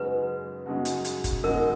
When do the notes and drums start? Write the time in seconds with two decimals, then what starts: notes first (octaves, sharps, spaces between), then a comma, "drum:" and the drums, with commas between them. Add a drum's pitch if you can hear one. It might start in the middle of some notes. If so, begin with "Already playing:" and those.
Already playing: F#2 C#3 G#3 D#4 F#4 B4
0.65 F#2 C#3 G#3 D#4 F#4
0.85 drum: hi-hat
1.05 drum: hi-hat
1.24 drum: kick F#1, hi-hat
1.43 F#2 C#3 G#3 D#4 F#4 A#4